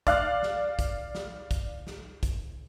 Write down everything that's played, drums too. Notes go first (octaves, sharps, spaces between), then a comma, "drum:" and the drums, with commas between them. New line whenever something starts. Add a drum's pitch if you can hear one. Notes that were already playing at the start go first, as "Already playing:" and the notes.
D5 F5 F#6, drum: kick, hi-hat
drum: snare
drum: kick, hi-hat
drum: snare
drum: kick, hi-hat
drum: snare
drum: kick, hi-hat